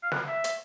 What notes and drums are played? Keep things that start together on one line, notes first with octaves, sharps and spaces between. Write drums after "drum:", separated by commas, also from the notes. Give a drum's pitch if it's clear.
F5
F#5, drum: snare
E5
drum: hi-hat